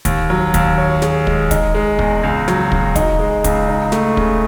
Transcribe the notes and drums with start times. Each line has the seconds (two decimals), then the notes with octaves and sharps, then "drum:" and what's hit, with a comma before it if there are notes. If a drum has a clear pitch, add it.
0.05 D#2, drum: kick, hi-hat
0.30 F#3
0.54 D#2, drum: kick, hi-hat
0.78 C#5
1.02 G#4, drum: snare
1.27 G#3, drum: kick
1.51 D#4, drum: kick, hi-hat
1.74 G#3
1.99 E2, drum: kick
2.23 C#2
2.48 F#3, drum: snare
2.72 C#2, drum: kick
2.96 D#4, drum: kick, hi-hat
3.19 G#3
3.44 C#2, drum: kick, hi-hat
3.69 D#4
3.92 A3, drum: snare
4.17 C#3, drum: kick